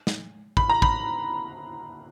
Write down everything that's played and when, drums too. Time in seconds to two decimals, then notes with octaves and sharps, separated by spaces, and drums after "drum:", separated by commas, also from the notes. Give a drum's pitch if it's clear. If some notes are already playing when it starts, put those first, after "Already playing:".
0.07 drum: snare
0.57 B5, drum: kick
0.70 A#5
0.82 B5, drum: kick